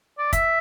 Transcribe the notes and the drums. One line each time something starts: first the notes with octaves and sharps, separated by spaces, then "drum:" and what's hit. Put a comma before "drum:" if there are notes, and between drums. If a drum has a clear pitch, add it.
D5
E5, drum: kick, hi-hat